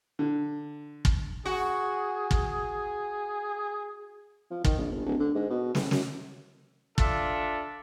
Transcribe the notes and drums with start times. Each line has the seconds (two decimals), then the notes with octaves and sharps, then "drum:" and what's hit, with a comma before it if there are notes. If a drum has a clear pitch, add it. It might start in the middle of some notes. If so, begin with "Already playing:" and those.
0.19 D3
1.05 drum: kick
1.46 F#4 G#4
2.31 drum: kick
4.51 F3
4.65 D#3, drum: kick
4.79 A#1
4.91 G1
5.05 D1
5.20 D3
5.35 G#2
5.50 B2
5.75 A1, drum: snare
5.91 F#2, drum: snare
6.98 D4 F4 A4 E5, drum: kick